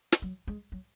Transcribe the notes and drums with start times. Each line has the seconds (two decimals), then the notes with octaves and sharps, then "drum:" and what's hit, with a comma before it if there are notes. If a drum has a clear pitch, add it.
0.12 drum: snare
0.22 F#3
0.47 G#3
0.72 F#3